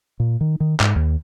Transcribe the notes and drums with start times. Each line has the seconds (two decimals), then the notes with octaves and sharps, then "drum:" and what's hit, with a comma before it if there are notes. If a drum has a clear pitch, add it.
0.20 A#2
0.41 D#3
0.60 D#3
0.80 G#2, drum: clap
0.96 D#2